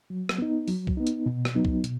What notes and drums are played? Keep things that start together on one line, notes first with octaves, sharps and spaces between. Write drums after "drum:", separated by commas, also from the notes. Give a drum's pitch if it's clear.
F#3
drum: rim click
B3 D#4
F#3, drum: open hi-hat
drum: kick C2
B3 D#4
drum: hi-hat
B2
drum: rim click
F#3 B3 D#4
drum: kick C2
B2, drum: hi-hat